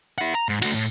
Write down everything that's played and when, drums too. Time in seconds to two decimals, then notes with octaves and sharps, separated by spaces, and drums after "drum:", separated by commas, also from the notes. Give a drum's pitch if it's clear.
0.18 E4 F#5
0.35 A#5
0.49 G#2
0.62 A3 F#4, drum: cymbal
0.74 A2